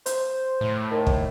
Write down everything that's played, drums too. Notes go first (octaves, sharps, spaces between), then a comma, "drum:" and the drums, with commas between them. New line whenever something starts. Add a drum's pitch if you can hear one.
C5, drum: hi-hat
A2
D#2
drum: kick